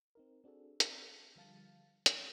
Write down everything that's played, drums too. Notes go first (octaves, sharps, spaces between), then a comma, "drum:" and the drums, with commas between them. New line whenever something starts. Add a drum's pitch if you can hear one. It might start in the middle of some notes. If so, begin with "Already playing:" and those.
C4 D#4 A#4
C4 D4 F#4 G#4 A4
C4 D5 A5, drum: hi-hat
D3 F3 G3 F5 A5 A6
C#5, drum: hi-hat